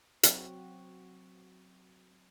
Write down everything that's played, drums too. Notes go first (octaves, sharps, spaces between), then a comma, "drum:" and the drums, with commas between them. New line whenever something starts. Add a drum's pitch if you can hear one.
F#3 C4 F#4, drum: hi-hat